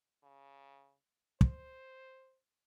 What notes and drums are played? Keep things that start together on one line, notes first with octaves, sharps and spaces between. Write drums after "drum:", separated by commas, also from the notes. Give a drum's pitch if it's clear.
C#3
C5, drum: kick